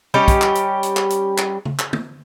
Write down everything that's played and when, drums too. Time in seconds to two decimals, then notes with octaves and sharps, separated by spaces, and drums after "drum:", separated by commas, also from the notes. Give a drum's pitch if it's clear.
0.14 G3 C#4 G4 D#5
0.28 drum: kick, hi-hat
0.42 drum: clap
0.55 drum: hi-hat
0.83 drum: hi-hat
0.97 drum: clap
1.10 drum: hi-hat
1.38 drum: clap
1.65 drum: tom
1.79 drum: clap
1.93 drum: tom